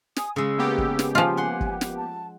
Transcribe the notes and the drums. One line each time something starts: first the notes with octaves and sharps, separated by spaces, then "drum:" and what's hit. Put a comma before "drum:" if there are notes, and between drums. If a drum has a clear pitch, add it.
G#5 D#6, drum: snare
C#3 G#3 E6
A#3 B3 G4
drum: kick
drum: snare
F3 F4 G#5
F#5 C6
drum: kick
drum: snare
A5